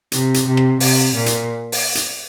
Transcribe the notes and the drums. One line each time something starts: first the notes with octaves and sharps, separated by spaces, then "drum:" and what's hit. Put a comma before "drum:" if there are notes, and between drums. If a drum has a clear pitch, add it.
C3, drum: hi-hat
drum: hi-hat
C3
drum: rim click
C3, drum: open hi-hat
A#2
drum: hi-hat
drum: open hi-hat
drum: hi-hat